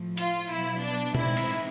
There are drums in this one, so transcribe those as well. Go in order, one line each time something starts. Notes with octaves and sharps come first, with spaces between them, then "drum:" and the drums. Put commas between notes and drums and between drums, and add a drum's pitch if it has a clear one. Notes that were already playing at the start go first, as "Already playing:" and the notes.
Already playing: A2 F3 A3
F4, drum: hi-hat
B2 F#3 B3 E4
D4
A2 E3 G#3 C4 D#4 E4, drum: tom B2
drum: cymbal